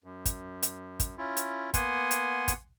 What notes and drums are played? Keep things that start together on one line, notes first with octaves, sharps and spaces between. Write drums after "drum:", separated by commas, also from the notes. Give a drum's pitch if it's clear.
F#2
drum: kick, hi-hat
drum: hi-hat
drum: kick, hi-hat
C#4 E4 F4
drum: hi-hat
A#3 B3 F#5 G#5 C6, drum: kick, hi-hat
drum: hi-hat
drum: kick, hi-hat